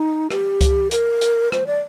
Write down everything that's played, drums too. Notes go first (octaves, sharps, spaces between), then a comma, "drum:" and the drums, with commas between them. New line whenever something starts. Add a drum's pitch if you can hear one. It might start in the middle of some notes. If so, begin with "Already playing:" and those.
Already playing: D#4
G4, drum: rim click
drum: kick C#2, hi-hat
A#4, drum: hi-hat
drum: hi-hat
C5, drum: rim click
D5